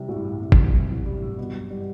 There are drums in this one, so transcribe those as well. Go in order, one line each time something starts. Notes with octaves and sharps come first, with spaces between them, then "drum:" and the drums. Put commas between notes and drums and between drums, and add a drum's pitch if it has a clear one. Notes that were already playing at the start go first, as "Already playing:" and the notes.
Already playing: C3 E3 G3
C2 A2
G2
A2
C3
drum: kick G#1
E3 F#3
B2
G2 G3
A2
G2 B2
F#2
G3